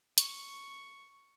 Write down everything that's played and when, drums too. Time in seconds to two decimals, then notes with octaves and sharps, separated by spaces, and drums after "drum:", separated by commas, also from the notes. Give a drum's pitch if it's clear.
0.18 C#6, drum: hi-hat